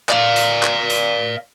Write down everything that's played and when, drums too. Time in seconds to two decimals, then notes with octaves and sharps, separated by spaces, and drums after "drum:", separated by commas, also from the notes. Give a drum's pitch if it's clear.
0.09 D5 F5, drum: clap
0.36 drum: hi-hat
0.63 drum: clap
0.90 drum: hi-hat